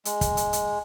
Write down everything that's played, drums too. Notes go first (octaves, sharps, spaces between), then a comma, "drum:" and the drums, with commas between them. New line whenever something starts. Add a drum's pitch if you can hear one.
G#3, drum: hi-hat
drum: kick, hi-hat
drum: hi-hat
drum: hi-hat